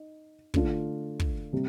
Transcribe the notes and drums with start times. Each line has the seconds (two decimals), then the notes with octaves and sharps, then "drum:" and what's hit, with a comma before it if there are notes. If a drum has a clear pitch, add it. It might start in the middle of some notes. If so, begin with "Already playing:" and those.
Already playing: D#4
0.54 D3 A3 D4 F4, drum: kick
1.20 drum: kick
1.53 C3 G3